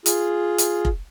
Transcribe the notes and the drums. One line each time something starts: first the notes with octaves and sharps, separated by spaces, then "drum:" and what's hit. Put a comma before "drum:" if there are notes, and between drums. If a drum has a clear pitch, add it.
F4 G#4, drum: hi-hat
drum: hi-hat
drum: kick F1